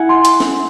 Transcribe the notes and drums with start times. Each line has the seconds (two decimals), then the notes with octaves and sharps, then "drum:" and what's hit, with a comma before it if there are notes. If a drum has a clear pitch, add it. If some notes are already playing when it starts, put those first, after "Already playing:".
Already playing: E4 E5 F#5 G#5
0.09 C6
0.25 drum: hi-hat
0.40 drum: snare